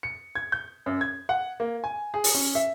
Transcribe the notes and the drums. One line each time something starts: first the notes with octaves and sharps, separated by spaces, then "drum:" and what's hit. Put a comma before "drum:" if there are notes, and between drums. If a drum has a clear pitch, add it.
C#7
G#6
G6
F#2
G#6
F#5
A#3
G#5
G#4
drum: open hi-hat
C#4
E5